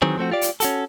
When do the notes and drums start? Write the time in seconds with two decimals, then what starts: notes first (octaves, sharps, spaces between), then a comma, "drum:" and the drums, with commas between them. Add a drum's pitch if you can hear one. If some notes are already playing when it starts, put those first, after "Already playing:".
0.02 D#3 E3 F#3 C4 G#4
0.17 F3 A3 C4 F#4
0.31 F4 G4 D5
0.41 drum: hi-hat
0.60 C#4 F#4 A4, drum: hi-hat